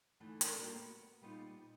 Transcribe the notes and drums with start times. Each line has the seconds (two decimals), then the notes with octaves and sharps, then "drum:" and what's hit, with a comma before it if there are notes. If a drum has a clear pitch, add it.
0.20 D2 G#2 E3 A3
0.41 D4 A4 A#4 G5, drum: hi-hat
0.58 G3 A#3 F#4 A#4
0.76 B3
1.21 A#2 G3 B3 D#4 F4